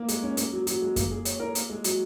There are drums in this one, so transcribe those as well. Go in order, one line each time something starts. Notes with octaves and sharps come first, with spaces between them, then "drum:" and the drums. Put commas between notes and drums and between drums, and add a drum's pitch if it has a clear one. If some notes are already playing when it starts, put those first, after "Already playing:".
Already playing: A#3
G#3, drum: hi-hat
C#4
A#3, drum: hi-hat
F#3
F#3, drum: hi-hat
G#3
A#3, drum: kick F#2, hi-hat
G#4
C#5, drum: hi-hat
A#4
A#3, drum: hi-hat
G#3
F#3, drum: hi-hat